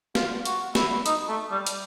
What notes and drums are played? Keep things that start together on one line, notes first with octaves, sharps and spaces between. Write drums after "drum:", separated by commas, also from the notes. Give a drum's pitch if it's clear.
F4, drum: snare
F#4, drum: hi-hat
E4, drum: snare
D#4, drum: hi-hat
A3
G3
drum: hi-hat